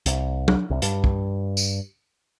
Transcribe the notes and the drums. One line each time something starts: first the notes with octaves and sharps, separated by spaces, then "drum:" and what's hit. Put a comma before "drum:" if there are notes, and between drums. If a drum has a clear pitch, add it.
C2, drum: hi-hat
drum: tom F#3
C2
G2, drum: hi-hat
drum: kick
drum: tambourine